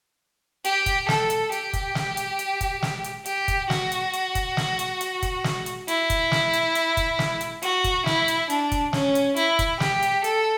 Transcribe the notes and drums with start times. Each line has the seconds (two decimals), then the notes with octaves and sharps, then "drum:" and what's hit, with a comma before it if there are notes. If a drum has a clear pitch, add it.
0.65 G4, drum: hi-hat
0.86 drum: kick, hi-hat
1.08 A4, drum: snare
1.30 drum: hi-hat
1.52 G4, drum: hi-hat
1.73 drum: kick, hi-hat
1.95 drum: snare
2.17 drum: hi-hat
2.39 drum: hi-hat
2.61 drum: kick, hi-hat
2.82 drum: snare
3.04 drum: hi-hat
3.26 G4, drum: hi-hat
3.48 drum: kick, hi-hat
3.70 F#4, drum: snare
3.92 drum: hi-hat
4.13 drum: hi-hat
4.35 drum: kick, hi-hat
4.57 drum: snare
4.79 drum: hi-hat
5.01 drum: hi-hat
5.22 drum: kick, hi-hat
5.44 drum: snare
5.66 drum: hi-hat
5.88 E4, drum: hi-hat
6.10 drum: kick, hi-hat
6.32 drum: snare
6.53 drum: hi-hat
6.75 drum: hi-hat
6.97 drum: kick, hi-hat
7.19 drum: snare
7.41 drum: hi-hat
7.62 F#4, drum: hi-hat
7.84 drum: kick, hi-hat
8.06 E4, drum: snare
8.28 drum: hi-hat
8.50 D4, drum: hi-hat
8.72 drum: kick, hi-hat
8.93 C#4, drum: snare
9.15 drum: hi-hat
9.36 E4, drum: hi-hat
9.59 drum: kick, hi-hat
9.80 G4, drum: snare
10.02 drum: hi-hat
10.24 A4, drum: hi-hat